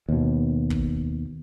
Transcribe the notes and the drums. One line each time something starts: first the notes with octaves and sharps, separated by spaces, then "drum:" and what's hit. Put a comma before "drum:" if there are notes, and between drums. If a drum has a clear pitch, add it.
D#2 B2
drum: kick